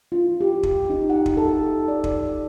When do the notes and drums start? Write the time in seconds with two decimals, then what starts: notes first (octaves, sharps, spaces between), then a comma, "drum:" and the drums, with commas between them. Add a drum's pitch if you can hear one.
0.12 F4
0.41 G4
0.63 drum: kick
0.90 D#4
1.10 F#5
1.26 drum: kick
1.37 A4
1.88 D5
2.04 drum: kick